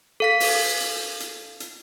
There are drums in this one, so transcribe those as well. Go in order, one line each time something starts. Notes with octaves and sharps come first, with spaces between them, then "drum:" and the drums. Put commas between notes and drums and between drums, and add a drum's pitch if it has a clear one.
A4 F5 B6
drum: open hi-hat
drum: hi-hat
drum: hi-hat
drum: hi-hat